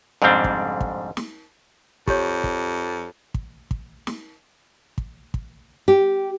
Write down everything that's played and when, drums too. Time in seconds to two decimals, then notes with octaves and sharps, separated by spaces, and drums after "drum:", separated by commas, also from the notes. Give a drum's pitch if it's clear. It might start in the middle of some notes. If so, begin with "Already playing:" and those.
0.22 F2 G#2 C#3 G3 C4 D4
0.44 drum: kick
0.81 drum: kick
1.17 drum: snare
2.07 F2 G4 C#5, drum: kick
2.44 drum: kick
3.34 drum: kick
3.71 drum: kick
4.07 drum: snare
4.98 drum: kick
5.34 drum: kick
5.88 G4